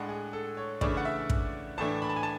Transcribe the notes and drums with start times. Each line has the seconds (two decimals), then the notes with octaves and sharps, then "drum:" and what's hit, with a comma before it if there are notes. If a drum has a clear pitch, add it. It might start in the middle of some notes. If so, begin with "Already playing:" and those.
Already playing: A2 G#3 D4 F#5
0.09 G#4
0.33 A4
0.57 C#5
0.81 C#3 E3 A3 D4 D5, drum: kick
0.97 F#5
1.05 E5
1.30 drum: kick
1.78 A2 E3 A3 D4 A5
2.02 B5
2.09 A5
2.16 G#5
2.23 A5